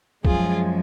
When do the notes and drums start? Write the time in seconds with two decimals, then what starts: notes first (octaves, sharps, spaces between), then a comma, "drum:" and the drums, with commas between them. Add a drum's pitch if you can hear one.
0.25 F#2 F3 G#3 F4 G#4, drum: kick